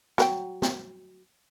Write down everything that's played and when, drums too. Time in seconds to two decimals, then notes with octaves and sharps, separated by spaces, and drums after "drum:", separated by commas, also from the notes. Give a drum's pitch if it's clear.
0.18 F#3 A#4 G5, drum: snare
0.62 drum: snare